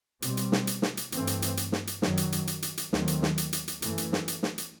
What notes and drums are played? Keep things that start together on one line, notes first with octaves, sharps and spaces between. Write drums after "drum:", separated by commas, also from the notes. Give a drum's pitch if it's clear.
B2 G3 C4, drum: hi-hat
drum: hi-hat
drum: snare
drum: hi-hat
drum: snare
drum: hi-hat
G2 E3 A3 C4, drum: hi-hat
drum: hi-hat
drum: hi-hat
drum: hi-hat
drum: snare
drum: hi-hat
F#2 D#3 F#3, drum: snare
drum: hi-hat
drum: hi-hat
drum: hi-hat
drum: hi-hat
drum: hi-hat
D#2 D#3 F#3 A3 C4, drum: snare
drum: hi-hat
drum: snare
drum: hi-hat
drum: hi-hat
drum: hi-hat
F#2 E3 A3, drum: hi-hat
drum: hi-hat
drum: snare
drum: hi-hat
drum: snare
drum: hi-hat